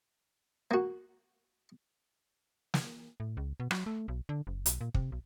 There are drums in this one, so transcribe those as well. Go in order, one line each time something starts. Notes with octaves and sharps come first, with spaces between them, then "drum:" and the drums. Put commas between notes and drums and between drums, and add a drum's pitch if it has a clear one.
A#3 F#4
drum: snare
A2
C#2
B2
F#3, drum: rim click
A3
B1
D3
F#1
B1, drum: hi-hat
A#2
C3, drum: kick
B1